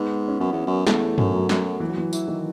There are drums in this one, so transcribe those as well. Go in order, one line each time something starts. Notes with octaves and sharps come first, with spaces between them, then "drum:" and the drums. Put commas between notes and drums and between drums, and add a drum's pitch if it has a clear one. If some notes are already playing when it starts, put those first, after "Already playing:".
Already playing: G#2 B3
C#4
F#2 B3
E2
F#2
E2 A3, drum: snare
F#2, drum: tom G2
F#3
F#2, drum: snare
E3
F#3
E3
E3, drum: tambourine
D#3